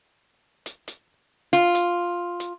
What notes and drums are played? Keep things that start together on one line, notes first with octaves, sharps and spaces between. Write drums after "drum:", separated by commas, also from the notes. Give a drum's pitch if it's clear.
drum: hi-hat
drum: hi-hat
F4, drum: hi-hat
drum: hi-hat
drum: hi-hat